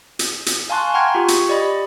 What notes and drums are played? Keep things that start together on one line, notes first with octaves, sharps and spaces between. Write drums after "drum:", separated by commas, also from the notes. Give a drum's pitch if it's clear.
drum: hi-hat
drum: hi-hat
F5 G#5 A5 C6 C#6 F#6
F#5 G5 A#5 C6 F6 G#6
F4 G4 C#6
drum: hi-hat
G4 D5 D#5 B5